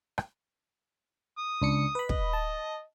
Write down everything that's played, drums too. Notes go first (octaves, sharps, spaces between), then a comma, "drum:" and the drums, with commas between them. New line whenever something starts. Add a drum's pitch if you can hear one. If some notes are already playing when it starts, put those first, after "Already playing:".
drum: rim click
D#6
C#2 D4 C#7
B4 B5
D#5, drum: kick
A5